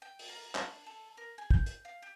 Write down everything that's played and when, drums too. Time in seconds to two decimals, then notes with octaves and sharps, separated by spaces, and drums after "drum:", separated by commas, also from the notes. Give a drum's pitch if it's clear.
0.02 G5
0.19 drum: open hi-hat
0.29 A#4
0.55 D4, drum: clap
0.86 A4
1.17 A#4
1.38 G#4
1.51 G6, drum: kick
1.66 drum: hi-hat
1.85 F5
2.02 G4